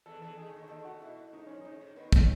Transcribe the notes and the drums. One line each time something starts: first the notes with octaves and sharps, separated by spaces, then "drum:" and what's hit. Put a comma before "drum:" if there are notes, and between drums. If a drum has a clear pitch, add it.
E2 E3 A4
E2 E3 A4
D#3 G#4
C#3
D#2 D#3
D#2 D#3 A4
C#3 F#4
B2 E4
A2
G#2 D#4
F#2 C#4
G#2 D#4
A2
D#2 D#3 B3
D#3 C#4, drum: kick